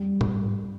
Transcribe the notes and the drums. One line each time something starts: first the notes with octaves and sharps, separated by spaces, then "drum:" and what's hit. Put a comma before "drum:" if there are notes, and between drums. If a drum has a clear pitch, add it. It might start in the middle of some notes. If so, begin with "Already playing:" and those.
Already playing: G3
drum: tom G#2